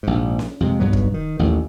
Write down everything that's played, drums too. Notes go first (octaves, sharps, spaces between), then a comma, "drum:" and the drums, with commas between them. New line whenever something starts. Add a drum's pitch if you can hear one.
A#1 G#2
drum: snare C#4
F2 C3 G#3
B1 G2 F#3 B3
drum: kick
D#3
A1 D#2 G#3 A3